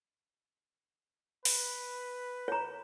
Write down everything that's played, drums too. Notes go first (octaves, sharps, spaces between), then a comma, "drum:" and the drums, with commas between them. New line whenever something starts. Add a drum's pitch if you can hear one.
B4, drum: open hi-hat
C#5 A#5